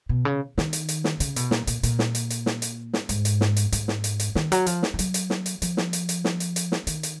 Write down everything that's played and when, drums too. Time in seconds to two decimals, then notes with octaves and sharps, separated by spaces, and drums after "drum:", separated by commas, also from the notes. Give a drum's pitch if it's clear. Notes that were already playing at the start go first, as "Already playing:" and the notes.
0.09 B2
0.25 C#3
0.58 D#3, drum: snare
0.73 drum: hi-hat
0.89 drum: hi-hat
1.04 drum: snare
1.20 C#3, drum: hi-hat
1.36 B2, drum: hi-hat
1.51 A#2, drum: snare
1.67 A#2, drum: hi-hat
1.83 A#2, drum: hi-hat
1.99 drum: snare
2.15 drum: hi-hat
2.30 drum: hi-hat
2.46 drum: snare
2.62 drum: hi-hat
2.93 drum: snare
3.09 G#2, drum: hi-hat
3.25 drum: hi-hat
3.41 drum: snare
3.57 drum: hi-hat
3.72 G#2, drum: hi-hat
3.88 drum: snare
4.04 drum: hi-hat
4.20 drum: hi-hat
4.35 D#3, drum: snare
4.52 F#3, drum: hi-hat
4.66 F3, drum: hi-hat
4.83 drum: snare
4.94 F3
4.99 F#3, drum: hi-hat
5.14 drum: hi-hat
5.30 drum: snare
5.46 drum: hi-hat
5.62 F3, drum: hi-hat
5.77 drum: snare
5.93 drum: hi-hat
6.09 drum: hi-hat
6.24 drum: snare
6.40 drum: hi-hat
6.56 drum: hi-hat
6.72 drum: snare
6.87 D#3, drum: hi-hat
7.03 drum: hi-hat